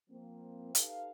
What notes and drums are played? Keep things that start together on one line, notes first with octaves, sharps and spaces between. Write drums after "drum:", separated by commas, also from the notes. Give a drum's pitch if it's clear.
F3 A#3 C4
D#4 G4 A4 B4 F5, drum: hi-hat